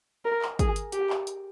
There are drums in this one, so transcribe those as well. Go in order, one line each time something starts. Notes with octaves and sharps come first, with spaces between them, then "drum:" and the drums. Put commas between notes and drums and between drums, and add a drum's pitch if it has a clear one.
A#4
drum: clap
G#4, drum: kick, hi-hat
drum: hi-hat
G4, drum: hi-hat
drum: clap
drum: hi-hat